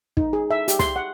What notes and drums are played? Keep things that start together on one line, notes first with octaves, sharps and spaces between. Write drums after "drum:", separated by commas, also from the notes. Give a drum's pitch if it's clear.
D#4, drum: kick
G#4
E5
G4, drum: hi-hat
C6, drum: snare
F#5